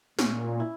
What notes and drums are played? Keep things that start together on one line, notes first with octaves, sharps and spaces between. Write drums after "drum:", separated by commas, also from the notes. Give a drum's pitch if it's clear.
A#2 C#4, drum: snare
E4